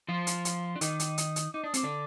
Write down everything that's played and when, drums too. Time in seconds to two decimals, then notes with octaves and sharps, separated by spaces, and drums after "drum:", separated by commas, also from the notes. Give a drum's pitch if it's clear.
0.09 F3 F4 C6
0.27 drum: hi-hat
0.45 drum: hi-hat
0.76 D4
0.81 D#3 D#4 D6, drum: hi-hat
1.00 drum: hi-hat
1.18 D#6, drum: hi-hat
1.36 drum: hi-hat
1.53 D#4 D6
1.64 D4 D#6
1.74 C4 D6, drum: hi-hat
1.83 D3 D4